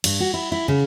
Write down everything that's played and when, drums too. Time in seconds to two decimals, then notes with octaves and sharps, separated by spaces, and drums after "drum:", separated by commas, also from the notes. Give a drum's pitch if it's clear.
0.04 G2, drum: cymbal
0.20 F#4
0.34 E4
0.52 E4
0.68 C#3